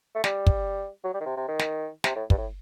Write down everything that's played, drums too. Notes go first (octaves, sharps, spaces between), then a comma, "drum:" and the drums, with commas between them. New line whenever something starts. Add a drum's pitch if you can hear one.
A3
G3, drum: snare
drum: kick
F#3
G3
D#3
C3
C3
D#3
drum: snare
C3, drum: snare
A2
G2, drum: kick
A2